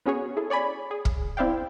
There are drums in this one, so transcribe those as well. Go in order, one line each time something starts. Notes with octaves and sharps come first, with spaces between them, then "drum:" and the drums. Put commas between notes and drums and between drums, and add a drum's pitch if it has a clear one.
B3 C#4 F#4 G#4 C#5
E4 G#4 A4
C#5 D5 G#5 B5
G#4
drum: kick
C4 E4 D5 F5 G5